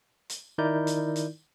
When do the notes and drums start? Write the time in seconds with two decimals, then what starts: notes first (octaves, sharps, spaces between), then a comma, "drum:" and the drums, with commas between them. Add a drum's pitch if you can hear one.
0.30 drum: hi-hat
0.58 D#3 D#4 E4 A#4 D5 G6
0.87 drum: hi-hat
1.16 drum: hi-hat